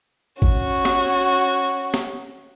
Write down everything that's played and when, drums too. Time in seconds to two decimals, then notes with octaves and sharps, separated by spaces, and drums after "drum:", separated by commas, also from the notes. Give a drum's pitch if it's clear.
0.42 C#4 F#4, drum: kick G#1
0.85 drum: snare
1.94 drum: snare